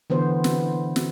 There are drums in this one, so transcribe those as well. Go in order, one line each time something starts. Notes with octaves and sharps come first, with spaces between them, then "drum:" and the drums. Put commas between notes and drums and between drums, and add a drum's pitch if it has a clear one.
D3 E3 B3 C5
drum: snare
drum: snare